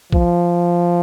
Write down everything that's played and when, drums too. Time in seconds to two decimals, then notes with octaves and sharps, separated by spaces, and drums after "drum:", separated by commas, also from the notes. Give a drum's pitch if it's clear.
0.12 F3, drum: kick